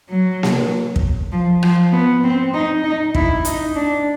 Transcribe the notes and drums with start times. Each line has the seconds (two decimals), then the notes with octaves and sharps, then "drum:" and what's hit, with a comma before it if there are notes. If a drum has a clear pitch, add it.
0.10 F#3
0.43 drum: snare A#3
0.96 drum: kick
1.32 F3
1.63 F3, drum: rim click
1.92 B3
2.23 C4
2.54 D#4
2.84 D#4
3.15 E4, drum: kick
3.45 D#4, drum: hi-hat
3.75 D4